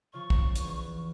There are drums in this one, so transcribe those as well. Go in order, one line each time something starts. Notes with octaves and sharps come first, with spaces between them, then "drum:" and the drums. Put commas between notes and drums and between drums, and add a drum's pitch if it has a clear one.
C#3 F3 F4 C#6
drum: kick
E2 E3, drum: hi-hat